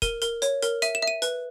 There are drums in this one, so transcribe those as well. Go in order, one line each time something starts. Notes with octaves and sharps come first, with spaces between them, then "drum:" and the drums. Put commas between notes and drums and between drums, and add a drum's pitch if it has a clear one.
A#4 D#7, drum: kick, hi-hat
A#4, drum: hi-hat
C#5, drum: hi-hat
A#4, drum: hi-hat
E5 D#7, drum: hi-hat
E7
E5
D#7
B4, drum: hi-hat